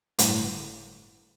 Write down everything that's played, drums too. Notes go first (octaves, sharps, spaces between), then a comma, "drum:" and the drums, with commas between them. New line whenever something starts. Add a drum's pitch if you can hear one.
G1 A2, drum: hi-hat